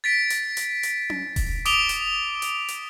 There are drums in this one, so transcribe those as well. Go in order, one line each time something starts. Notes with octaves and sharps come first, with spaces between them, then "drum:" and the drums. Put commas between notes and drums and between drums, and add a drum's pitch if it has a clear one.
A6 B6 D7
drum: hi-hat
drum: hi-hat
drum: hi-hat
drum: tom C#4
drum: kick E1, open hi-hat
D6 D#6 D7 F7 G7, drum: hi-hat
drum: hi-hat
drum: hi-hat
drum: hi-hat